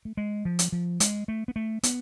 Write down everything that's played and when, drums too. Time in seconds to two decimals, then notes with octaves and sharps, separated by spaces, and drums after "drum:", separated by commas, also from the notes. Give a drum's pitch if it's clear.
0.05 A3
0.17 G#3
0.45 F3
0.59 drum: hi-hat
0.72 F3
1.00 G#3, drum: hi-hat
1.28 A3
1.48 B3
1.56 A3
1.83 B3, drum: hi-hat